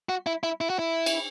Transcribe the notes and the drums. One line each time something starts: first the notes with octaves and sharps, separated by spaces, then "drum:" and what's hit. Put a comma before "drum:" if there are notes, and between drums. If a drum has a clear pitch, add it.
F#4
E4
E4
E4
F#4
E4
drum: cymbal